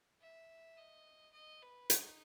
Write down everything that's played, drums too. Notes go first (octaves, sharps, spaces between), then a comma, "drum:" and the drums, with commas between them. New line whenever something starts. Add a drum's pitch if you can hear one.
E5
D#5
D#5
B4
D#4, drum: hi-hat